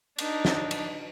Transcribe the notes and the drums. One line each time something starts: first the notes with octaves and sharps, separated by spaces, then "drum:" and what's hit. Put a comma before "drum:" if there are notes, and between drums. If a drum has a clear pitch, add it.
D4 D#4, drum: cymbal
drum: snare
drum: cymbal